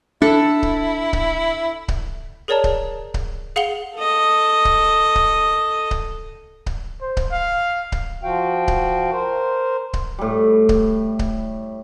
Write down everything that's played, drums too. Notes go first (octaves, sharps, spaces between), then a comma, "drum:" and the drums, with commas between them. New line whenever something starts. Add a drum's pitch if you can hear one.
D4 E4 A4
drum: kick C#1
drum: kick C#1
drum: kick C#1
G#4 A#4 C#5 D5 A5 A#5
drum: kick C#1
drum: kick C#1
G#4 F5 F#5 C#7 F7 G7
A4 D#5
drum: kick C#1
drum: kick C#1
drum: kick C#1
drum: kick C#1
C5
drum: kick C#1
F5
drum: kick C#1
F3 F#4 F5 G5
drum: kick C#1
A#4 C5
drum: kick C#1
A2 G3
drum: kick C#1
drum: kick C#1